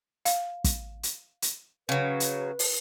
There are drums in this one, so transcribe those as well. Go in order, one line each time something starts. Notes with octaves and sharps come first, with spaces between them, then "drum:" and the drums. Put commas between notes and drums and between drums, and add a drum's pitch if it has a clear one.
F5, drum: hi-hat
drum: kick, hi-hat
drum: hi-hat
drum: hi-hat
C#3 F#3 B4
drum: hi-hat
drum: open hi-hat